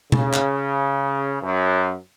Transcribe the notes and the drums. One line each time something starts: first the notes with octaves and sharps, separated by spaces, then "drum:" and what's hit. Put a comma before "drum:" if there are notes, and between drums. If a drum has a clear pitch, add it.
C#3, drum: tom B2
drum: clap
F#2